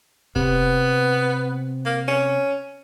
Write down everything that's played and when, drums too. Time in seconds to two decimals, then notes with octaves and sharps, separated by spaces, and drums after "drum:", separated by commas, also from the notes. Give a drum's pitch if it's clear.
0.36 C3 B3, drum: kick E1
1.86 A#3
2.08 C#4